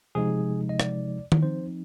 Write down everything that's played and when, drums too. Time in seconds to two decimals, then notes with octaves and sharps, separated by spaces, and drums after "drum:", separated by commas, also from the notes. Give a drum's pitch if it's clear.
0.15 C3 F3 G#3 D#4 G#4
0.69 D#5
0.80 D5, drum: rim click
1.32 drum: tom D#3
1.43 F3 C4 D#4 C5